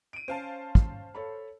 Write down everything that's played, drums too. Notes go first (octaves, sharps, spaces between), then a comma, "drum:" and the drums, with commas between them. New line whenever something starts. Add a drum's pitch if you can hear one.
D7 D#7
C#4 C5 F5 A5
drum: kick
A4 C#5 B5